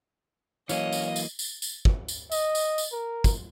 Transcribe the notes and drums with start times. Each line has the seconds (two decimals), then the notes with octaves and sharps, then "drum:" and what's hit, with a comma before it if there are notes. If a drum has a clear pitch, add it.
0.69 E3 F#3 A#3 C#4 D#5 F5, drum: tambourine
0.93 drum: tambourine
1.16 drum: tambourine
1.39 drum: tambourine
1.62 drum: tambourine
1.85 drum: kick
2.08 drum: tambourine
2.32 D#5, drum: tambourine
2.55 drum: tambourine
2.78 drum: tambourine
2.93 A#4
3.24 drum: kick, tambourine